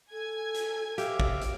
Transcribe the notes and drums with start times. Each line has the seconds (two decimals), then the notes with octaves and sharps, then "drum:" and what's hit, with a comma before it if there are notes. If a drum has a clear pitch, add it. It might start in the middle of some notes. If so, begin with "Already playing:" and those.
0.12 A4 G#5 G#6
0.54 drum: hi-hat
0.98 G4 E5 F5 D6, drum: hi-hat
1.20 drum: kick
1.41 drum: hi-hat